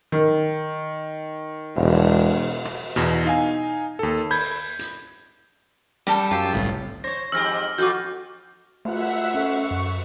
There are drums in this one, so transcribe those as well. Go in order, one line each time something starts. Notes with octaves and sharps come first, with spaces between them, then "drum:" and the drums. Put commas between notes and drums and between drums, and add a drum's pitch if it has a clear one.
D#3
E1, drum: cymbal
drum: rim click
E2 B2, drum: hi-hat
D#4 F5 G#5
D#2 A4
B5 G6 G#6, drum: open hi-hat
drum: hi-hat
G3 G4 A4 G5, drum: snare
F#2 F4 G4 E6
G1 C2 A2
C5 C#5 A#6
F2 G#2 G4 E6 F6 A#6
F2 F4 F#4 A4 D6 G6
A3 F4 E5 F#5, drum: cymbal
C#4 A4 C#6
F#2